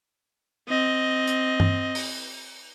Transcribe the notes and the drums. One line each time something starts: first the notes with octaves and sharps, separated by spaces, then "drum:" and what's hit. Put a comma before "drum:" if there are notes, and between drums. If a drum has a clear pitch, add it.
C4 D#5
drum: hi-hat
drum: tom G2
drum: open hi-hat